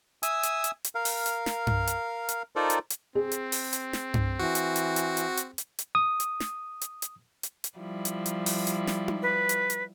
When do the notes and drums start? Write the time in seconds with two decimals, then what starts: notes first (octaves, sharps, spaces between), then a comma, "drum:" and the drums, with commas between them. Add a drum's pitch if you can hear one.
0.23 E5 G#5 D#6 E6, drum: hi-hat
0.43 drum: hi-hat
0.64 drum: hi-hat
0.84 drum: hi-hat
0.95 A#4 F5
1.05 drum: open hi-hat
1.26 drum: hi-hat
1.46 drum: snare
1.67 drum: tom G2
1.87 drum: hi-hat
2.29 drum: hi-hat
2.56 D#4 F4 A4 A#4 C5 D5
2.70 drum: hi-hat
2.90 drum: hi-hat
3.15 C4 G#4
3.32 drum: hi-hat
3.52 drum: open hi-hat
3.73 drum: hi-hat
3.93 drum: snare
4.14 drum: tom G2
4.40 E3 F#4
4.55 drum: hi-hat
4.76 drum: hi-hat
4.96 drum: hi-hat
5.17 drum: hi-hat
5.37 drum: hi-hat
5.58 drum: hi-hat
5.79 drum: hi-hat
5.95 D#6
6.20 drum: hi-hat
6.40 drum: snare
6.81 drum: hi-hat
7.02 drum: hi-hat
7.43 drum: hi-hat
7.64 drum: hi-hat
7.78 F3 G3 E4
8.05 drum: hi-hat
8.26 drum: hi-hat
8.46 drum: open hi-hat
8.67 drum: hi-hat
8.87 drum: snare
9.08 drum: tom D#4
9.22 B4
9.49 drum: hi-hat
9.70 drum: hi-hat